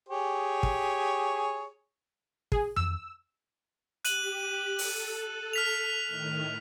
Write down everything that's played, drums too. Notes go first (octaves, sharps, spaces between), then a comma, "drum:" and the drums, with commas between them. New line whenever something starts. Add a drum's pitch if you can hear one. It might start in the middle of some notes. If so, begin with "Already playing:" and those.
G4 G#4 C#5
drum: kick
G#4, drum: kick
E6, drum: tom F2
G4 F#6 D#7 F#7, drum: hi-hat
A4, drum: open hi-hat
F6 B6 F7
A2 D#3